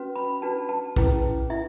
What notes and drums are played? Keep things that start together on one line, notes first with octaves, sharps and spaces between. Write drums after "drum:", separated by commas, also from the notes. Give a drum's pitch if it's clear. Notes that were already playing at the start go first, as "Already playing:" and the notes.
Already playing: C#4 F#4 B4
B5
D4 F#4 B4 A5
A5
C#4 E4 G#4 B4, drum: kick A#1
E4 E5